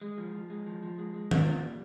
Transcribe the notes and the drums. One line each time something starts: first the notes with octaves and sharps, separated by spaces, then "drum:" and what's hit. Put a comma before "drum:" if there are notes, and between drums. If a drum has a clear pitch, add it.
G#3
F3
F3
G#3
F3
F3
G#3
G#3
F4, drum: tom D#3
A#2
G3